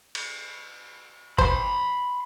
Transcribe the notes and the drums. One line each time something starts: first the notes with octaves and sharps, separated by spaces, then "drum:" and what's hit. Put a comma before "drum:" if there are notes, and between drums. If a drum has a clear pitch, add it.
drum: cymbal
C5 B5 C6, drum: kick G1